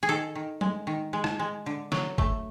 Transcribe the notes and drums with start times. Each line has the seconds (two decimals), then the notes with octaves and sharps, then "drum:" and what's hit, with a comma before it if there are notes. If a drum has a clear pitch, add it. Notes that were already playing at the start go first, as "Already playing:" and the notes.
0.03 G#4
0.09 D#3 A4
0.35 D#3
0.61 G#3, drum: tom F#3
0.87 D#3
1.13 G#3
1.24 drum: rim click
1.39 G#3
1.66 D3
1.92 F#3, drum: snare
2.18 A3, drum: kick G#1